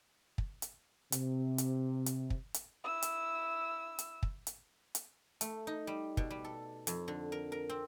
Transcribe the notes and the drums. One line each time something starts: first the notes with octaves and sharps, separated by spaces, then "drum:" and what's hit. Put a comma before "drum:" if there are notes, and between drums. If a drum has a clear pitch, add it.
drum: kick
drum: hi-hat
C3, drum: hi-hat
drum: hi-hat
drum: hi-hat
drum: kick
drum: hi-hat
E4 E6
drum: hi-hat
drum: hi-hat
drum: kick
drum: hi-hat
drum: hi-hat
A3, drum: hi-hat
D#4
G3
B2, drum: kick
G3
A4
F2, drum: hi-hat
D3
A#4
A#4
C4